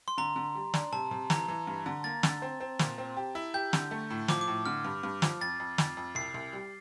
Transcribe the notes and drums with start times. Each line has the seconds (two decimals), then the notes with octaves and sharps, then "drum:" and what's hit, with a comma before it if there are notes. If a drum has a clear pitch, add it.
0.08 C6
0.18 D3 A#5
0.36 D3
0.55 G3
0.74 D4, drum: snare
0.92 C3 A5
1.11 C3
1.30 E3 A#5, drum: snare
1.48 E3
1.67 G2
1.86 D3
2.04 A#3 A6
2.23 D3, drum: snare
2.42 C4
2.60 C4
2.79 A#2, drum: snare
2.98 C4
3.17 G4
3.35 E4
3.54 G4 G6
3.73 D3, drum: snare
3.91 A3
4.10 A2
4.28 F3 D6, drum: snare
4.41 D6
4.47 A2
4.66 D3 F6
4.84 G2
5.03 G2
5.22 F3, drum: snare
5.41 F2 A6
5.60 F2
5.78 F2, drum: snare
5.97 F2
6.15 C2 C7
6.34 C2
6.53 G3